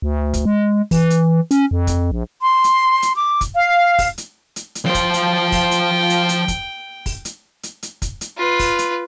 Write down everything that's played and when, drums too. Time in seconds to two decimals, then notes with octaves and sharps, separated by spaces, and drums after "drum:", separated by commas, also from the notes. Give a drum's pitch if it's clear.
0.02 D2
0.34 drum: kick, hi-hat
0.45 G#3
0.91 E3, drum: kick, open hi-hat
1.10 drum: hi-hat
1.51 C#4, drum: hi-hat
1.71 F2
1.87 drum: kick, hi-hat
2.11 A#1
2.40 C6
2.64 drum: hi-hat
3.02 drum: hi-hat
3.14 D6
3.41 drum: kick, hi-hat
3.54 F5
3.98 drum: kick, open hi-hat
4.18 drum: hi-hat
4.56 drum: hi-hat
4.75 drum: hi-hat
4.85 F3 C5 G5
4.94 drum: kick, hi-hat
5.14 drum: hi-hat
5.52 drum: kick, open hi-hat
5.71 drum: hi-hat
6.10 drum: hi-hat
6.29 drum: hi-hat
6.48 drum: kick, hi-hat
7.06 drum: kick, open hi-hat
7.25 drum: hi-hat
7.63 drum: hi-hat
7.83 drum: hi-hat
8.02 drum: kick, hi-hat
8.21 drum: hi-hat
8.38 F4 B4
8.59 drum: kick, open hi-hat
8.79 drum: hi-hat